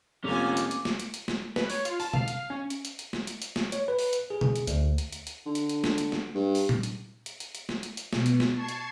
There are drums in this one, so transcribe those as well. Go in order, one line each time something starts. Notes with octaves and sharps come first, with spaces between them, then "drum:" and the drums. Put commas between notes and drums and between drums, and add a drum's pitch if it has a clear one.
F1 A#3 C#4 F4 G#5 D6
drum: hi-hat
drum: hi-hat
drum: snare
drum: hi-hat
drum: hi-hat
drum: snare
B4, drum: snare
C#5, drum: open hi-hat
F4, drum: hi-hat
A5, drum: open hi-hat
F5, drum: tom B2
drum: hi-hat
C#4
drum: hi-hat
drum: hi-hat
drum: hi-hat
drum: snare
drum: hi-hat
drum: hi-hat
drum: snare
C#5, drum: hi-hat
B4
drum: open hi-hat
drum: hi-hat
G#4
drum: tom B2
drum: hi-hat
D2, drum: hi-hat
drum: hi-hat
drum: hi-hat
drum: hi-hat
D3
drum: hi-hat
drum: hi-hat
drum: snare
drum: hi-hat
drum: snare
G2
drum: open hi-hat
drum: tom A#2
drum: hi-hat
drum: hi-hat
drum: hi-hat
drum: hi-hat
drum: snare
drum: hi-hat
drum: hi-hat
B2, drum: snare
drum: hi-hat
drum: snare
A5 C#6 G#6 A6 C7
drum: hi-hat